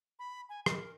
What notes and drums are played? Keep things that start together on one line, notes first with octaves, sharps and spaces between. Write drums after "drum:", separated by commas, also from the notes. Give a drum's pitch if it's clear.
B5
G#5
A#4, drum: rim click